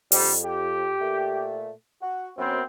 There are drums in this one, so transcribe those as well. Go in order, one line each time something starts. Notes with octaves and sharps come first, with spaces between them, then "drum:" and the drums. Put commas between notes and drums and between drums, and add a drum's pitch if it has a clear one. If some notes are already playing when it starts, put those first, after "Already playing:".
F2 D3 G3, drum: open hi-hat
G4
A#2 A3
F#4
F#2 B3 C4